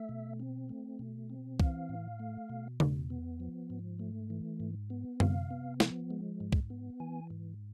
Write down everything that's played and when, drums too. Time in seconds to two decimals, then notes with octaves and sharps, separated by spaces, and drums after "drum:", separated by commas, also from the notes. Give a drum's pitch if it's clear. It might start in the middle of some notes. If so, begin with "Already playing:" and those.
Already playing: A3 E5
0.09 B2
0.40 C4
0.69 A3
0.99 B2
1.30 C4
1.60 E3 F5, drum: kick
1.89 A2
2.19 A3
2.50 B2
2.80 E2, drum: tom C#3
3.10 B3
3.40 F3
3.70 G#2
4.00 A3
4.30 E3
4.60 G#2
4.90 B3
5.20 C3 F5, drum: tom F#2
5.50 B3
5.80 F3, drum: snare
6.10 G#3
6.40 G#2
6.52 drum: kick
6.70 B3
7.00 E3 G#5
7.30 G#2